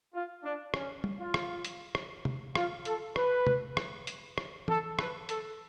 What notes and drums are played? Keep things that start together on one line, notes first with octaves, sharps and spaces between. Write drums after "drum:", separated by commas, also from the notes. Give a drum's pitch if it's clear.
F4
D4
C#4, drum: rim click
drum: tom G3
F4
drum: rim click
drum: hi-hat
drum: rim click
drum: tom
F4, drum: rim click
A4, drum: hi-hat
B4, drum: rim click
drum: tom
drum: rim click
drum: hi-hat
drum: rim click
A4, drum: tom E3
B4, drum: rim click
A4, drum: hi-hat